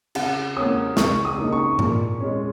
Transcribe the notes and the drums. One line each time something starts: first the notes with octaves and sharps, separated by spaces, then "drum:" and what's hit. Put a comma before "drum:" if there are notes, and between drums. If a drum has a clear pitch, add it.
C#3 F#5, drum: cymbal
A#3 C#4 D#6
C#2 C#6, drum: snare
D#6
C#3 A#3 D#4
C#6
A#2, drum: tom G#2
G#3 C#4